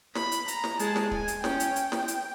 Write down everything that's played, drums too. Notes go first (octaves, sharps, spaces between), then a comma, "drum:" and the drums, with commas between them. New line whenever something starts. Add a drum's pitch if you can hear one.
B5, drum: snare
drum: hi-hat
A#5, drum: hi-hat
drum: snare
G#3 A5, drum: hi-hat
drum: snare
G#5, drum: kick
drum: hi-hat
C#4 G5, drum: snare
drum: hi-hat
drum: hi-hat
drum: snare
drum: hi-hat